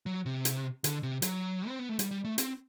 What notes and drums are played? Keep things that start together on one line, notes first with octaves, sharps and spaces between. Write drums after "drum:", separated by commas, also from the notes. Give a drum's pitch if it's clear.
F#3
C3
drum: hi-hat
D3, drum: hi-hat
C3
F#3, drum: hi-hat
C4
B3
A3
G3, drum: hi-hat
G3
A3
C4, drum: hi-hat